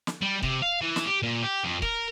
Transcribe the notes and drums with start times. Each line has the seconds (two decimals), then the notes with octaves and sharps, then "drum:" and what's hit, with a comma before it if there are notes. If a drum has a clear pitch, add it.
0.07 drum: snare
0.22 G3
0.43 C3, drum: kick
0.62 F5
0.82 E3
0.96 drum: snare
1.05 G4
1.22 A#2
1.42 G4
1.64 F2
1.82 A#4, drum: kick